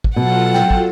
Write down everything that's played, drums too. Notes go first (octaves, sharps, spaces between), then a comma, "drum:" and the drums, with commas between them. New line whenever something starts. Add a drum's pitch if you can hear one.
drum: kick
B2 F#3 F4 A4 F#5
G5, drum: snare
drum: kick